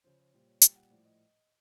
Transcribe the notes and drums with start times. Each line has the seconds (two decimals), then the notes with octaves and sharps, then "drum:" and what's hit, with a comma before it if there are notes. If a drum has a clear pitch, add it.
0.04 C#3 F3 C5
0.19 C5
0.33 A#2 G3 C5
0.47 C#5
0.61 A#2 G3 G5, drum: hi-hat
0.75 F#5
0.90 A2 F3 D5
1.05 D#5